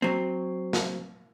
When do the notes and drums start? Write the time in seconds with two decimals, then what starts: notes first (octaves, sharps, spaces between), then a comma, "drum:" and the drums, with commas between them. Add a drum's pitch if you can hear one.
0.02 F#3 C4
0.73 drum: snare